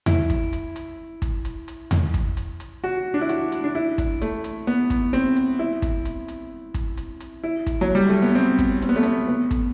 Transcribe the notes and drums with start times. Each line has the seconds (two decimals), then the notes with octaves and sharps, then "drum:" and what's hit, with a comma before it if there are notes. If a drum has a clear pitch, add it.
0.06 E4, drum: tom E2
0.30 drum: kick, hi-hat
0.53 drum: hi-hat
0.76 drum: hi-hat
1.22 drum: kick, hi-hat
1.45 drum: hi-hat
1.68 drum: hi-hat
1.91 drum: tom E2
2.14 drum: kick, hi-hat
2.37 drum: hi-hat
2.60 drum: hi-hat
2.84 F#4
3.14 D4
3.21 E4
3.29 F#4, drum: hi-hat
3.52 drum: hi-hat
3.64 D4
3.75 E4
3.98 drum: kick, hi-hat
4.22 A3, drum: hi-hat
4.44 drum: hi-hat
4.67 B3
4.90 drum: kick, hi-hat
5.13 C4, drum: hi-hat
5.36 drum: hi-hat
5.59 E4
5.82 drum: kick, hi-hat
6.05 drum: hi-hat
6.28 drum: hi-hat
6.74 drum: kick, hi-hat
6.97 drum: hi-hat
7.20 drum: hi-hat
7.44 E4
7.66 drum: kick, hi-hat
7.81 F#3
7.95 G3
8.09 A3
8.22 B3
8.35 C4
8.59 drum: kick, hi-hat
8.82 C4, drum: hi-hat
8.89 B3
8.96 A3
9.03 B3, drum: hi-hat
9.28 B3
9.51 drum: kick, hi-hat